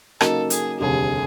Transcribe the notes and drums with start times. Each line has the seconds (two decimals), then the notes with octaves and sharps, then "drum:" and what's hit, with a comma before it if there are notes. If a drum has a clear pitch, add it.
0.21 C#3 F#3 A#3 D#4 A4, drum: rim click
0.50 G#4, drum: hi-hat
0.79 F1 D#2 D3 G3 G#4